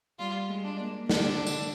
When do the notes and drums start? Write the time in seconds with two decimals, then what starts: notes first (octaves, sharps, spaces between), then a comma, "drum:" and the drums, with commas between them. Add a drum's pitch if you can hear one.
0.19 G3 F4
0.49 G#3
0.64 D4
0.80 A#3
1.09 D3 D4, drum: snare
1.47 drum: tambourine